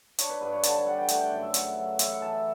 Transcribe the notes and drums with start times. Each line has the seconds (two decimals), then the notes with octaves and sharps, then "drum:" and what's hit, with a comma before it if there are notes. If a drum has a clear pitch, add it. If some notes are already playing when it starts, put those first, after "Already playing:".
0.19 D4 C#5, drum: hi-hat
0.29 B4
0.41 G2 B4
0.52 C#5
0.63 D3 A5, drum: hi-hat
0.75 A5
0.86 G3 F#5
0.98 G5
1.08 A3 F#5, drum: hi-hat
1.21 G5
1.31 F#2 G5
1.43 E5
1.54 C#3 F#5, drum: hi-hat
1.77 F#3
1.99 E3 E5, drum: hi-hat
2.10 F#5
2.21 E3 A5
2.33 E5